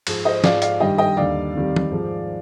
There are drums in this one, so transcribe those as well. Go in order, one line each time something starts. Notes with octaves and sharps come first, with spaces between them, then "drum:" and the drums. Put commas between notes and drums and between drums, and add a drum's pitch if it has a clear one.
G#2 F3 G#3, drum: cymbal
C5 D#5
G#2 F3 G#3 D5 F5, drum: snare
D5 F5, drum: hi-hat
G2 D#3 G3 D#5 G5
D#5 G5
D#2 D3 G3 D5 F5
F2 D#3 G3
drum: tom
G#2 F3 G#3